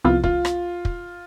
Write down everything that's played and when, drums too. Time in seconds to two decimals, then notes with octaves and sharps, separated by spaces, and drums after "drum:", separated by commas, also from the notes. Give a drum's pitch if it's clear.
0.04 C2 C3 F3 B3 E4 F4
0.24 F4, drum: kick
0.45 drum: rim click
0.85 drum: kick